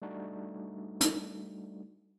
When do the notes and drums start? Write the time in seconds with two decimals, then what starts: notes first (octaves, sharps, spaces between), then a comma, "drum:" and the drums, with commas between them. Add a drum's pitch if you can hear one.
0.02 G3 A3 D4 D#4 F#4
1.01 drum: hi-hat